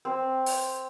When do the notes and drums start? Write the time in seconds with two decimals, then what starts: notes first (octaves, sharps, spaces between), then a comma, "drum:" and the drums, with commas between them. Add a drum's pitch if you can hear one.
0.05 C4
0.46 drum: open hi-hat